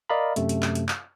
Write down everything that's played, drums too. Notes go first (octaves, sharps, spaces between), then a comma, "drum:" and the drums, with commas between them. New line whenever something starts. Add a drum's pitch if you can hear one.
A#4 D5 D#5 F5 A#5 B5
F#2 C3 A3, drum: hi-hat
drum: hi-hat
drum: clap
drum: hi-hat
drum: clap